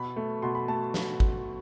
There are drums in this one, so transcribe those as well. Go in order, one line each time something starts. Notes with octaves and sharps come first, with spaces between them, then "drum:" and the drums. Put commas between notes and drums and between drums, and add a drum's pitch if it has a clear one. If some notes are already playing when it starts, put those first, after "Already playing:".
Already playing: B2 B5
A3
B2 C6
B5
A3 A5
drum: snare
drum: kick G#1